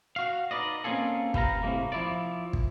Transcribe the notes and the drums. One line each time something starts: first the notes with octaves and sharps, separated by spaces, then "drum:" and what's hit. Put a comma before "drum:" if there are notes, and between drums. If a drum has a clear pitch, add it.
F#4 F5
D#4 B4 D5 D#5
A#3 C4 C#4 F4 G#4 A4
G4 B4 E5 F5 A#5, drum: kick
A2 C3 D#3 G#3 A#3
F3 E4 D5
drum: kick